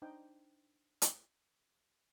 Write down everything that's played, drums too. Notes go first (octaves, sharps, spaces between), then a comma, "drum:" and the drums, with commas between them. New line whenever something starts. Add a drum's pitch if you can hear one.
D4 D#4 C5 G5
drum: hi-hat